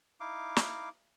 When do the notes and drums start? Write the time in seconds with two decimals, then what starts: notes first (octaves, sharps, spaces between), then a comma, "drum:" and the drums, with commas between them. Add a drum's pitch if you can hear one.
0.20 D#4 E4 F5 D6
0.56 drum: snare